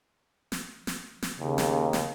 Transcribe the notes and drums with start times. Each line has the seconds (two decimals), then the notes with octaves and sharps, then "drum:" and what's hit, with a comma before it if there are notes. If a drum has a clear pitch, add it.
0.52 drum: snare
0.87 drum: snare
1.22 drum: snare
1.40 D#2 C#3
1.58 drum: snare
1.93 drum: snare